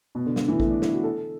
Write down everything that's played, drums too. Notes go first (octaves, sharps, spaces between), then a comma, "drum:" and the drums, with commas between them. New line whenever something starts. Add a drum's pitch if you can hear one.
B2
D3
D3, drum: snare
E3
A3, drum: kick
D4
E4, drum: snare
F#4
A4